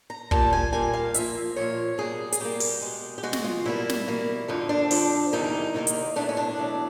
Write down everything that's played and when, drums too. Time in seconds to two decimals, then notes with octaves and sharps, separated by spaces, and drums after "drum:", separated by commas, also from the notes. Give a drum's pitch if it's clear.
0.10 A#5
0.31 A#2 G3 A#3 A5, drum: kick
0.53 G#5
0.73 A#2 G3 A#3 G#5
0.93 F5
1.14 A#2 F3 A#3 E5, drum: hi-hat
1.56 A#2 F3 A#3 C#5
1.98 B2 G3 A#3 G#4
2.32 G#4, drum: hi-hat
2.40 B2 G3 A#3 G4
2.60 drum: open hi-hat
2.82 B2 G#3
3.18 G4
3.23 B2 G#3 F#4
3.33 drum: snare
3.44 F4
3.65 B2 G3 A#3 E4
3.89 drum: snare
4.08 B2 G3 A#3
4.48 F2 D3 F3 D#4
4.69 D4
4.91 F2 D3 F3, drum: open hi-hat
5.32 E2 C3 D#3 G3 A#3 D#4
5.74 E2 C3 D#3 G3 A#3
5.87 drum: hi-hat
6.16 E2 B2 F#3 A3 D4
6.29 C#4
6.37 D4
6.58 E2 B2 F#3 A3